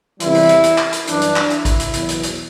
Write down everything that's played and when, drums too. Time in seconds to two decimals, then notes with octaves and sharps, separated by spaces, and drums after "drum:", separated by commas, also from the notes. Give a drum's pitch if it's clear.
0.20 E2 C3 E3 G3 E4, drum: hi-hat
0.34 drum: open hi-hat
0.49 drum: hi-hat
0.63 drum: hi-hat
0.78 drum: clap
0.93 drum: hi-hat
1.07 F#2 E3 G3 D4, drum: hi-hat
1.22 drum: hi-hat
1.36 drum: clap
1.50 E4, drum: hi-hat
1.65 drum: kick G#1, hi-hat
1.80 drum: hi-hat
1.94 E2 B2 F#3, drum: hi-hat
2.09 drum: hi-hat
2.23 drum: hi-hat